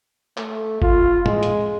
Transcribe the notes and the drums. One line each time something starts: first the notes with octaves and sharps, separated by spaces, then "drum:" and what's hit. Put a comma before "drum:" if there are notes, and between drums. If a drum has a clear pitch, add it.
A3, drum: clap
F4, drum: kick F#1
G#3, drum: tom
drum: hi-hat